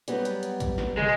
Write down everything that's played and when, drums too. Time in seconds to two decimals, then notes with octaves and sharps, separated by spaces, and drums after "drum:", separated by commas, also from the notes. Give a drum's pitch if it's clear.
0.08 F#3 G3 B3, drum: hi-hat
0.25 drum: hi-hat
0.43 drum: hi-hat
0.60 drum: kick, hi-hat
0.78 drum: snare
0.97 G#3, drum: tom